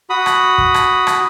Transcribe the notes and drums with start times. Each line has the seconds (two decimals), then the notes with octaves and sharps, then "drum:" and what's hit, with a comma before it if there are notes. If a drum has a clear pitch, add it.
0.10 F#4 B5 D#6
0.26 drum: rim click
0.58 drum: kick
0.74 drum: rim click
1.07 drum: rim click